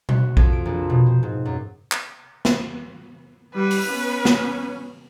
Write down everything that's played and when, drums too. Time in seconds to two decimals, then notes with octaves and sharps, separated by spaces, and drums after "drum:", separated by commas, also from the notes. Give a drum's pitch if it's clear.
0.09 F#4, drum: tom B2
0.37 F2, drum: kick B1
0.53 D7
0.66 A#1
0.90 B2
1.06 C4
1.23 G#2
1.45 F#2
1.92 drum: clap
2.45 drum: snare
3.55 G3 B4 F#5
3.71 drum: open hi-hat
3.87 B3 C#4
4.25 drum: snare